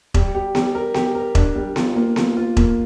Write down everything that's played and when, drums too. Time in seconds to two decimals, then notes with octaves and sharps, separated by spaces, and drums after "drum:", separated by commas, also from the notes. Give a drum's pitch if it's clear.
0.14 G3, drum: kick E1
0.35 G4
0.55 G3, drum: snare B3
0.75 A#4
0.94 G4, drum: snare B3
1.15 A#4
1.35 D4, drum: kick E1
1.55 G3
1.76 F4, drum: snare B3
1.96 A#3
2.16 F4, drum: snare B3
2.37 F4
2.57 A#3, drum: kick E1